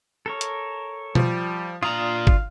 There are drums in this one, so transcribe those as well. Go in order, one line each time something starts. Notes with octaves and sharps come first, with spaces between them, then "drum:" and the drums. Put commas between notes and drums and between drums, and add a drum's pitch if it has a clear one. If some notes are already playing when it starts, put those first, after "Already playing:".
A4 A#4 C#5
drum: hi-hat
F3 G3, drum: tom B2
A#2 D4 F4 F5 A#5 D#6
drum: kick G1